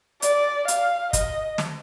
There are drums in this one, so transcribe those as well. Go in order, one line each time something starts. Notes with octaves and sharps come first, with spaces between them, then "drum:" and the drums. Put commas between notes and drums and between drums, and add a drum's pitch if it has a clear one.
D5, drum: hi-hat
F5, drum: hi-hat
D#5, drum: kick, hi-hat
drum: snare